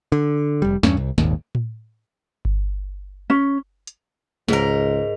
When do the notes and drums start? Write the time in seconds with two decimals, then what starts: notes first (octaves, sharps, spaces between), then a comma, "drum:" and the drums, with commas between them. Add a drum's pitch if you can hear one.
0.12 D3
0.62 F1 G3
0.83 E2 G2 C#4, drum: snare
0.97 C2
1.18 D#1 G#1 D#2, drum: snare
1.55 drum: tom A2
2.45 drum: kick G1
3.30 C#4
3.87 drum: hi-hat
4.48 C#2 G#2 A#4, drum: snare